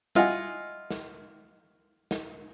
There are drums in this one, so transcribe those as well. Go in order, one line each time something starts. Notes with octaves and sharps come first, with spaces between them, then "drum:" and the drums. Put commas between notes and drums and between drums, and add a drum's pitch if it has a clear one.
E4 F4 D#5 F#5 G#5, drum: tom G3
drum: snare
drum: snare